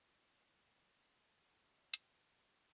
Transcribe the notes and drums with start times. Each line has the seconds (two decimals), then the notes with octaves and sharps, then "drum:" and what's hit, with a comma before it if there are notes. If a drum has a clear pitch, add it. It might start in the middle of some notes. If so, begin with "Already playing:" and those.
Already playing: A2 B3 A4
0.14 A2
0.38 G#3
0.62 B3
0.87 A2
1.11 F3 G#4
1.23 A4
1.35 D2 G#4
1.59 A3
1.84 D3 F#4
1.94 drum: hi-hat
2.08 F3
2.20 F4
2.32 D2
2.57 B3 F4